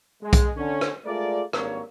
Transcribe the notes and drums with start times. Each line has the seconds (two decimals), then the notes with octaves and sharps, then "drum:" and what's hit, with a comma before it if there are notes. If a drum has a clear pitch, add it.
0.23 G#3
0.33 drum: kick B1, hi-hat
0.57 D3 C#4
0.81 drum: rim click
1.06 G#3 A3 F4 G#4 A#4 D5
1.53 G#1 G2 G3 A#3 C#5, drum: rim click